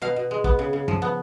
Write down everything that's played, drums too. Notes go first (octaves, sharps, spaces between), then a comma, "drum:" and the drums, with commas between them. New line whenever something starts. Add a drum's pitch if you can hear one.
B2 F5
B2
G#3
B3, drum: kick
C#3
C#3
F3, drum: tom
B3